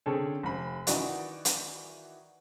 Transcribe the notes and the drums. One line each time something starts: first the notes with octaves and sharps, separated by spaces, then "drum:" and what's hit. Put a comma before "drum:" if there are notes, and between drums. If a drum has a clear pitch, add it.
D3 C4 C#4 G#4 A4
F1 B5
D#3 E3 D#4 F#4 D5, drum: hi-hat
drum: hi-hat